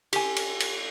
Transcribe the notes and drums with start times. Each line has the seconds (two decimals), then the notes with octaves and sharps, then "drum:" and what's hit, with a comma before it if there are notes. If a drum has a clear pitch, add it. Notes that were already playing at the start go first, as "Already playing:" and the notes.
0.13 G4 G#5, drum: cymbal
0.36 drum: cymbal
0.60 drum: cymbal